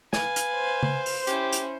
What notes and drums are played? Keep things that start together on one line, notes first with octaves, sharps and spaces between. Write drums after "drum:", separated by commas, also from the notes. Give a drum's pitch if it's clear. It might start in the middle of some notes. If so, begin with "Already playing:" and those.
B4 F5 G#5, drum: snare
drum: hi-hat
C5
drum: tom C#3
drum: open hi-hat
C#4 E4 G4, drum: hi-hat
drum: hi-hat